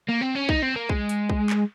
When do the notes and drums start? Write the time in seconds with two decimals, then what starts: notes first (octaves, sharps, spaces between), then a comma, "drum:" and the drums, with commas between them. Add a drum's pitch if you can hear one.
0.08 A#3
0.21 C4
0.35 C#4
0.49 D#4, drum: kick
0.62 C4
0.76 A#3
0.89 G#3, drum: kick
1.09 drum: hi-hat
1.30 drum: kick
1.50 drum: clap